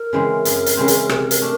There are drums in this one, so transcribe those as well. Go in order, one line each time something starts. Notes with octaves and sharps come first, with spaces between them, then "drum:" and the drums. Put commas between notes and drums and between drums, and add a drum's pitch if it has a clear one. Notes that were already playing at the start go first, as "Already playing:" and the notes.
Already playing: A#4
C#3 E3 G#3 C4
F#2, drum: hi-hat
drum: hi-hat
C#3 E3 G#3 C4
drum: hi-hat
C3, drum: rim click
drum: hi-hat
A3 D4